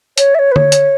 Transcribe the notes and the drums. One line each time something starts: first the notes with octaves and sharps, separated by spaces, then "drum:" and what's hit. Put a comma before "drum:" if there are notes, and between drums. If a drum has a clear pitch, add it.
C#5, drum: hi-hat
E5
C#5
B4
C#5, drum: tom D3
drum: hi-hat